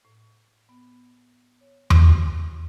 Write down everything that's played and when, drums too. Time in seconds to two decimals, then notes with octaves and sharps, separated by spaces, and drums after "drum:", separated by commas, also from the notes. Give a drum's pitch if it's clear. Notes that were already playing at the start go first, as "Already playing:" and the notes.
0.05 A2
0.69 B3
1.61 C#5
1.90 G4, drum: tom E2
2.21 D#2